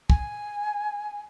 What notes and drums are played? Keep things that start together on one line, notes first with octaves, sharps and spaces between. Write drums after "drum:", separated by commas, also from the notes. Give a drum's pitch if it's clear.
G#5, drum: kick